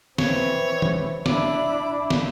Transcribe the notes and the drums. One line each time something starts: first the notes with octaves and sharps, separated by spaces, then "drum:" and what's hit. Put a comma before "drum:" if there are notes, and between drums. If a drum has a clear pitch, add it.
E3 C4 C#5, drum: snare
drum: tom
D4 E4 D5, drum: snare
drum: snare